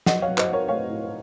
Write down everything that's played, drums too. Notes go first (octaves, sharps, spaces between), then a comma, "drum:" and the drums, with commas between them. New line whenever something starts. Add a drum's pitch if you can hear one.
F#3 D#5 F#5, drum: snare
C#5 F5
F#3
C5 D#5, drum: clap
F#3 A#4 C#5
A3 C#5 F5
A2